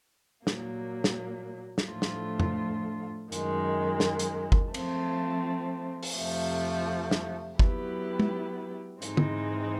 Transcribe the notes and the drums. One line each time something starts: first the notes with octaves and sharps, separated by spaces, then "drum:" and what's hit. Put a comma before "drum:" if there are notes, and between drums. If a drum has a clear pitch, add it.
A#2 F#3 A#3, drum: snare
drum: snare
drum: snare
A2 F3 A3 D4 F4
drum: snare
drum: tom F2
F#2 D#3 G#3, drum: hi-hat
drum: snare
drum: hi-hat
drum: kick G1
F3 A3 C4, drum: cymbal
drum: open hi-hat
F2 C3 F3 A3
drum: snare
F#3 B3 E4 G4 B4, drum: kick G1
drum: tom G#3
G#2 E3 G#3 C4 D#4, drum: hi-hat
drum: tom